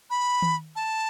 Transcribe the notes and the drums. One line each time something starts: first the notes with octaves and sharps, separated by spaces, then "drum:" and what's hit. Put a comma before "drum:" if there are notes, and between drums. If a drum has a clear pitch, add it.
B5
drum: tom D#3
A5